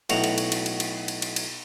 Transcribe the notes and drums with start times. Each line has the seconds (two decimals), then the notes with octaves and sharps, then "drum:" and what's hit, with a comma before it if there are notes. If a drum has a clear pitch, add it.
0.10 B1 A2 F#4 A#5, drum: cymbal
0.24 drum: cymbal
0.38 drum: cymbal
0.52 drum: cymbal
0.66 drum: cymbal
0.80 drum: cymbal
1.08 drum: cymbal
1.22 drum: cymbal
1.36 drum: cymbal